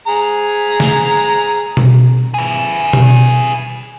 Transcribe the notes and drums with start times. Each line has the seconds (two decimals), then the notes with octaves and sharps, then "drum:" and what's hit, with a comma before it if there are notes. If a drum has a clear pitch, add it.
0.07 G#4 A#5
0.80 drum: snare
1.77 drum: tom B2
2.34 G#4 B4
2.93 drum: tom B2